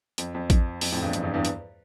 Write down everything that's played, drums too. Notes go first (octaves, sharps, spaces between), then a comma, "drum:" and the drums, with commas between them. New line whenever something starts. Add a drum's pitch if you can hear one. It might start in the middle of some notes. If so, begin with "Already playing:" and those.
F2, drum: hi-hat
F2
drum: kick A1, hi-hat
F2, drum: open hi-hat
F2 A2
E2 G2
F2, drum: hi-hat
E2 G2
E2 G2
drum: hi-hat